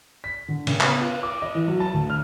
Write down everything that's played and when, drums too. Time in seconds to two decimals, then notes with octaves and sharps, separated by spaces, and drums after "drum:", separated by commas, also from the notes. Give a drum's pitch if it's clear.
0.24 B6
0.48 D3
0.67 C#3, drum: cymbal
0.81 B3, drum: clap
1.01 F4
1.23 D6
1.42 D#5
1.55 E3
1.68 F#3
1.80 A5
1.94 D2
2.10 F6